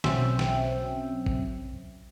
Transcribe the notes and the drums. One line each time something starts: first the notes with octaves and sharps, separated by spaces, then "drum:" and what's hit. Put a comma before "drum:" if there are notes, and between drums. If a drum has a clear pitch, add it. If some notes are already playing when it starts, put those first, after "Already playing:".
B1 F#3 C4 C#4 E5 G5, drum: snare
drum: snare
drum: kick A1